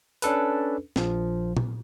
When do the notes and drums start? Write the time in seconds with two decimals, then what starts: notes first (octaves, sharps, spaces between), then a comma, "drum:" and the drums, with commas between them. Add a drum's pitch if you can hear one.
0.22 C#4 D4 A4 B4, drum: hi-hat
0.96 A#1 F3, drum: snare
1.57 drum: tom A#2